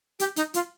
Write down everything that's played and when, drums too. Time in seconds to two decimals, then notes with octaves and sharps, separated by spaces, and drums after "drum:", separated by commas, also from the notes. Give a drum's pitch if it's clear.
0.20 G4, drum: hi-hat
0.36 D#4, drum: hi-hat
0.54 F4, drum: hi-hat